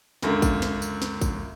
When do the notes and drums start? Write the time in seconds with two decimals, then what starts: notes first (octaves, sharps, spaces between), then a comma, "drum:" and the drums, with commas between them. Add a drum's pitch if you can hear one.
0.22 C#2 F#2 D3, drum: snare
0.42 drum: kick A1, tambourine
0.62 drum: snare
0.82 drum: tambourine
1.02 drum: snare
1.21 drum: kick A1, tambourine